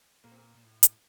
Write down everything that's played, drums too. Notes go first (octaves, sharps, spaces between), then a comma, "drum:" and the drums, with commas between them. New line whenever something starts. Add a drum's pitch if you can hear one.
A#2 A#3
C4
A#3
A#2
A2
drum: hi-hat